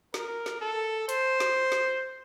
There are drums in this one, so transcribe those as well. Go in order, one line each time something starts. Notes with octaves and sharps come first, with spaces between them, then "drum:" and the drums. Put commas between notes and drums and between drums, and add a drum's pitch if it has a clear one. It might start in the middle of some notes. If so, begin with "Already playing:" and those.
A#4, drum: snare
drum: snare
A4
C5, drum: hi-hat
drum: snare
drum: snare